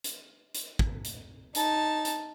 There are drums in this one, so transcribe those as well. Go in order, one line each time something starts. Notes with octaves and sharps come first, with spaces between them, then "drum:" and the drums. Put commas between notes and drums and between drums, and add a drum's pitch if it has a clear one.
drum: hi-hat
drum: hi-hat
drum: kick
drum: hi-hat
D#4 A5, drum: hi-hat
drum: hi-hat